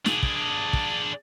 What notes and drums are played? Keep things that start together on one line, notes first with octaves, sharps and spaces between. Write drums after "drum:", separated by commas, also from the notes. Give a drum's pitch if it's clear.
D4 G#4, drum: snare
drum: kick
drum: kick